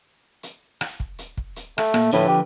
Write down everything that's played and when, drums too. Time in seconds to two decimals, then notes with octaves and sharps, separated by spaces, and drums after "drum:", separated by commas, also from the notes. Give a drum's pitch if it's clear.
0.43 drum: hi-hat
0.81 drum: rim click
1.00 drum: kick
1.19 drum: hi-hat
1.37 drum: kick
1.56 drum: hi-hat
1.78 A3, drum: rim click
1.94 A#2, drum: rim click
2.13 A2 D3 F3 B4
2.28 G4